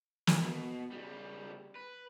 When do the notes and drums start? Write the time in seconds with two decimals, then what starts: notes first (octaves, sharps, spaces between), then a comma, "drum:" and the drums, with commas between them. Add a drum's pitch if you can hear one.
0.27 drum: snare
0.41 B2
0.92 C#3 G3
1.76 B4